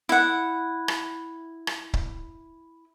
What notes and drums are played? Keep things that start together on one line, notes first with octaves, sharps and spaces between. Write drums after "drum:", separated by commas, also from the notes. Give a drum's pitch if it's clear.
E4 F#5
drum: rim click
drum: rim click
drum: kick C#1